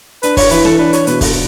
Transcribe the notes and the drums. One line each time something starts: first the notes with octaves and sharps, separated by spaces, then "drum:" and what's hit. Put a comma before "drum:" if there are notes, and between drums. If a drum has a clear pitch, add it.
D4 B4, drum: hi-hat
C#5, drum: kick, open hi-hat
E3 B4, drum: hi-hat
A4, drum: rim click
D4 B4
C#5, drum: hi-hat
B2 B4, drum: hi-hat
A4, drum: kick, open hi-hat